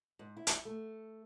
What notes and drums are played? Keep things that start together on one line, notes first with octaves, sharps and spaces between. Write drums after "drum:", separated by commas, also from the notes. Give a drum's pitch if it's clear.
G#2
E4
drum: hi-hat
A3